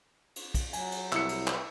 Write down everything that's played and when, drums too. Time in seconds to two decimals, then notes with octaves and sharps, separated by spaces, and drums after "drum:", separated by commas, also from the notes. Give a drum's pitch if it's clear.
0.36 drum: cymbal
0.55 drum: kick, cymbal
0.73 F#3 G#5, drum: cymbal
0.92 drum: cymbal
1.12 C2 E4 E6 C#7, drum: clap
1.29 drum: cymbal
1.47 drum: clap